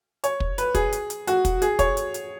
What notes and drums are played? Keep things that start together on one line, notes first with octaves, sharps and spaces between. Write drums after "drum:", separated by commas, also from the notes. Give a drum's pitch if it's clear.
C#5, drum: hi-hat
drum: kick
B4, drum: hi-hat
G#4, drum: kick, hi-hat
drum: hi-hat
drum: hi-hat
F#4, drum: hi-hat
drum: kick, hi-hat
G#4, drum: hi-hat
C#5, drum: kick, hi-hat
drum: hi-hat
drum: hi-hat